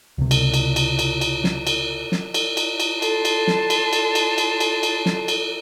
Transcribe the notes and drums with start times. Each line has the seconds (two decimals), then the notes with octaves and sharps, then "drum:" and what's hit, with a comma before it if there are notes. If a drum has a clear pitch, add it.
0.18 C#2 C3
0.31 drum: cymbal
0.54 drum: cymbal
0.76 drum: cymbal
0.99 drum: cymbal
1.21 drum: cymbal
1.44 drum: snare
1.67 drum: cymbal
2.12 drum: snare
2.34 drum: cymbal
2.57 drum: cymbal
2.80 drum: cymbal
3.02 A4 A5 C6, drum: cymbal
3.25 drum: cymbal
3.47 drum: snare
3.70 drum: cymbal
3.93 drum: cymbal
4.15 drum: cymbal
4.38 drum: cymbal
4.60 drum: cymbal
4.83 drum: cymbal
5.06 drum: snare
5.28 drum: cymbal